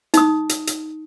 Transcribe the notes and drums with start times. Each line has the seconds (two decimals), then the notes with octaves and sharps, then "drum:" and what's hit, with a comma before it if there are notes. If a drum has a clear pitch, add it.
0.14 D#4 D#6, drum: hi-hat
0.49 drum: hi-hat
0.67 drum: hi-hat